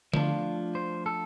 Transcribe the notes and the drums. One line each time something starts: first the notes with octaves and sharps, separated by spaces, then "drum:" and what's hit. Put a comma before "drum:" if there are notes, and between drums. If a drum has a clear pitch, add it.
F3 A3 D4 F4, drum: tom D3
C5
A4